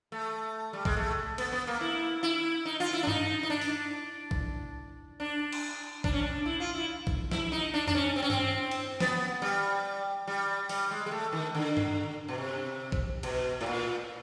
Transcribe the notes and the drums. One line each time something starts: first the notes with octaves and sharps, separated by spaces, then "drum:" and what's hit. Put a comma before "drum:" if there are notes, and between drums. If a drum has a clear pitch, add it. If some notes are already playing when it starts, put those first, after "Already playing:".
A3
G3
G#3, drum: kick
A3
B3, drum: cymbal
B3
A#3
E4
E4
D#4
F4
E4
D4
D#4, drum: tom G2
D#4
D4
drum: open hi-hat
drum: kick
D4
drum: cymbal
D4, drum: kick
C#4
D4
E4
F4
E4
drum: kick
E4, drum: snare
D#4
D4
D4, drum: tom F2
C#4
C4
C#4
C4, drum: tom G2
drum: cymbal
B3, drum: snare
G3
G3
G3, drum: open hi-hat
G#3
G#3
A3
D#3
D3
drum: tom G2
B2
C3
drum: kick
B2, drum: cymbal
A2
A#2